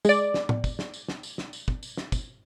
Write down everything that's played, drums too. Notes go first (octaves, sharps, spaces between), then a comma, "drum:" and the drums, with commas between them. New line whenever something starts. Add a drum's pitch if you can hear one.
G#3 D5, drum: tambourine
drum: snare
drum: tom A2
drum: kick, tambourine
drum: snare
drum: tambourine
drum: snare
drum: tambourine
drum: snare
drum: tambourine
drum: kick
drum: tambourine
drum: snare
drum: kick, tambourine